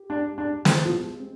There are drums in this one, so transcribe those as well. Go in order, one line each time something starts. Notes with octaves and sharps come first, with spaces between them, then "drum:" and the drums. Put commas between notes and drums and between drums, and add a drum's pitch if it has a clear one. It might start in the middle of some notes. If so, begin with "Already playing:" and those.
Already playing: G4
G#3 D4
G#3 D4
G#3 C4, drum: snare
F3
G#3
C4